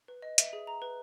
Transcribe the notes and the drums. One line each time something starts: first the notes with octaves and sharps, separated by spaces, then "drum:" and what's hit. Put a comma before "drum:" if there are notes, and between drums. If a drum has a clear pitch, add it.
B4
D#5
E5, drum: hi-hat
G#4
A#5
B4